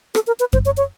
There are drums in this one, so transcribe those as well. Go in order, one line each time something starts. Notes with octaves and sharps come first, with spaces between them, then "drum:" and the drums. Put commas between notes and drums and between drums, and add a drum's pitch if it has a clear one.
A4, drum: rim click
A#4
B4
C5, drum: kick F#2
C#5
C#5